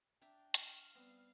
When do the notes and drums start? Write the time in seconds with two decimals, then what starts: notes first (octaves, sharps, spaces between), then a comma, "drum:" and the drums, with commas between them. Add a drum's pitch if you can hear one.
0.22 D4 E5 G5 A#5
0.54 F5, drum: hi-hat
0.95 G3 B3 C4